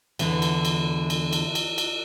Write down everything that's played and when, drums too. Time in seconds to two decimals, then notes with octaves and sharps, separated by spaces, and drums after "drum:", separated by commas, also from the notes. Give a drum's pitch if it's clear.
0.19 E2 D3 E3, drum: cymbal
0.42 drum: cymbal
0.65 drum: cymbal
1.10 drum: cymbal
1.33 drum: cymbal
1.55 drum: cymbal
1.78 drum: cymbal